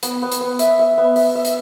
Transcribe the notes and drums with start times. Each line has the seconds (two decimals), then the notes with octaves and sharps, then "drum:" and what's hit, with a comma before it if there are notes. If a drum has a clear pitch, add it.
0.03 B3, drum: hi-hat
0.22 B3
0.32 drum: hi-hat
0.41 B3
0.59 E5, drum: hi-hat
0.79 E5
0.98 B3
1.16 E5, drum: open hi-hat
1.35 E5
1.45 drum: hi-hat